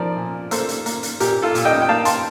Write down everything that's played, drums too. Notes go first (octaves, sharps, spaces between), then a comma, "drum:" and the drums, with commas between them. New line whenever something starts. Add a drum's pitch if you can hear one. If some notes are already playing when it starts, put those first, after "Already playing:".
Already playing: F3 A#4 D5
A#2
A#3 A4 C5, drum: hi-hat
drum: hi-hat
A#3, drum: hi-hat
drum: hi-hat
A#2 G4 A#4, drum: hi-hat
F4 A4
A#2, drum: hi-hat
D#5 G5
G5
A#3 F5 A5
A5 C6, drum: hi-hat